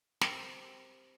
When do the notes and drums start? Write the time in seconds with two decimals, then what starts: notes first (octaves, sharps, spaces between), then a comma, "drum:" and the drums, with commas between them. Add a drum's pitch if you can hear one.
0.21 C4 G4 A#4, drum: snare